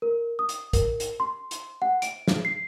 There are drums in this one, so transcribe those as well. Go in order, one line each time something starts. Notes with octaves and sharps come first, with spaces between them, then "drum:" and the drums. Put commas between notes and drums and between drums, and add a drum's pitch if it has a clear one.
A#4
D#6
drum: hi-hat
A#4, drum: kick, hi-hat
drum: hi-hat
C6
drum: hi-hat
F#5
D7, drum: hi-hat
drum: snare
C7